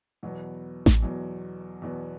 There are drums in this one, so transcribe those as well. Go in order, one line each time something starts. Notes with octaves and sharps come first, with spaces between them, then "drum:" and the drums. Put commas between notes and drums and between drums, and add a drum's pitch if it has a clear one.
E2 B2 F#3 B3
drum: snare A1
E2 B2 F#3 B3
E2 B2 F#3 B3